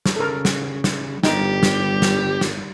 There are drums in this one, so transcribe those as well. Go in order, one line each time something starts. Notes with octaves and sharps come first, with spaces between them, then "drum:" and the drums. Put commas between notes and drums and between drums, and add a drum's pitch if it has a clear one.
drum: snare
C#3 A4 A#4
drum: snare
drum: snare
G1 G3 D#4 G4, drum: snare
drum: snare
drum: snare
drum: snare